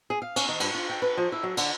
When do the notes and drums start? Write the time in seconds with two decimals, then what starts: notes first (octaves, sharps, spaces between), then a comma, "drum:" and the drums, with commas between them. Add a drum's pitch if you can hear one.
0.10 G#4
0.22 F5
0.36 C#4, drum: cymbal
0.49 D#3
0.60 G2, drum: cymbal
0.75 F4
0.89 G5
1.02 B4
1.17 F3
1.32 E4
1.43 F#3
1.57 D3, drum: cymbal